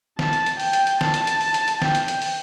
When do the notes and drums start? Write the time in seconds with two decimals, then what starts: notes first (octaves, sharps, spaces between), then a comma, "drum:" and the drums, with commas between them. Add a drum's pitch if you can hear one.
0.19 A5, drum: snare
0.33 drum: hi-hat
0.46 drum: hi-hat
0.60 G5, drum: open hi-hat
0.73 drum: hi-hat
0.87 drum: hi-hat
1.01 A5, drum: snare
1.14 drum: hi-hat
1.27 drum: hi-hat
1.41 drum: open hi-hat
1.54 drum: hi-hat
1.68 drum: hi-hat
1.82 G5, drum: snare
1.95 drum: hi-hat
2.08 drum: hi-hat
2.22 drum: open hi-hat